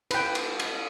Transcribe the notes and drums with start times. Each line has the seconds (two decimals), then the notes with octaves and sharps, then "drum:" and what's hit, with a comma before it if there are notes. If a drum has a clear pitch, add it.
0.11 B4 G5, drum: cymbal
0.35 drum: cymbal
0.59 drum: cymbal